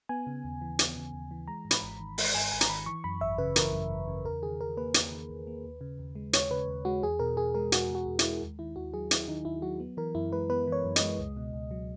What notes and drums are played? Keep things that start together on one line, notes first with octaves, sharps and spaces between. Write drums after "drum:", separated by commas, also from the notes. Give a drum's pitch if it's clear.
B3 G#5
C#3
D#2
E3
B3, drum: hi-hat
C#3
D#2
E3
G#3 A#5
G#2
B5, drum: hi-hat
G#1
D#3
G#3, drum: open hi-hat
G#2 G#5
G#1 G#5
A#5, drum: hi-hat
D#3 B5
E3 C#6
F#2 B5
G#1 E5
C#3 B4
E3 A#4, drum: hi-hat
F#2
G#1
C#3
E2 A#4
D#3 G#4
E2 A#4
A#3 B4
E2, drum: hi-hat
D#3
E2
A#3
D#2
C#3
D#2
G#3
D#2 C#5, drum: hi-hat
C#3 B4
D#2
G#3 F#4
E2 G#4
B2 A#4
E2 G#4
G#3 A#4
E2 F#4, drum: hi-hat
B2
F#4
E2
G#3 E4, drum: hi-hat
D#2
D#3 E4
D#2 F#4
F#3 G#4
D#2 E4, drum: hi-hat
D#3 D#4
D#2 E4
F#3 F#4
B3
E3 A#4
F#2 E4
G#3 B4
B3 B4
E3
C#5
F#2
D#5, drum: hi-hat
G#3
C#2
B2
C#2
F#3